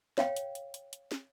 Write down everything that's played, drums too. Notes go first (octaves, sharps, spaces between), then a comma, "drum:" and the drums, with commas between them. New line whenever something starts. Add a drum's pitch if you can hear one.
C#5 F5 G5, drum: snare
drum: hi-hat
drum: hi-hat
drum: hi-hat
drum: hi-hat
drum: snare